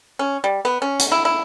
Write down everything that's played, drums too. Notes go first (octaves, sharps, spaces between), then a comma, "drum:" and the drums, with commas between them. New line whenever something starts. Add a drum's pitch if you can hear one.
C#4
G3
B3
C#4
drum: hi-hat
E4
E4